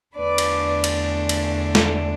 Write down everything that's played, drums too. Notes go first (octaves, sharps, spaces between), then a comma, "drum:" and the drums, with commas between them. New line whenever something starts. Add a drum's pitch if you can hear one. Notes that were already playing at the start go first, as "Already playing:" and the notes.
E2 D3 A3 D4 B4 D5
drum: cymbal
drum: cymbal
drum: cymbal
drum: snare